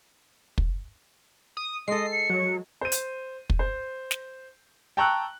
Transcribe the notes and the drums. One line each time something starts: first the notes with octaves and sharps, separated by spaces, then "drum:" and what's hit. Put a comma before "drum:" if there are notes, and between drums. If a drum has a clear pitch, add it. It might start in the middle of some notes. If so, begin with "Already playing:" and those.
drum: kick
D#6
G#3 A4 D#5 C7
C#7
F#3
C5 D#7
drum: hi-hat
drum: kick
C5
drum: snare
G5 A5 A#5 C#6 E6 F#6